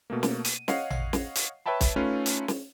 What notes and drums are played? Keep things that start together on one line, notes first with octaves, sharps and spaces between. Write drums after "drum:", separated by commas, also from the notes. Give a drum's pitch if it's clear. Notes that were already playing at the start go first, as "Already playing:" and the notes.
B2 A3 A#3
drum: snare
D#7, drum: hi-hat
C#5 D#5 F5 F#5 C7, drum: snare
drum: tom A1
drum: snare
drum: hi-hat
B4 C#5 E5 G5 A5 B5
drum: kick, hi-hat
A3 C#4 D#4 F4 B4 F5
drum: hi-hat
drum: snare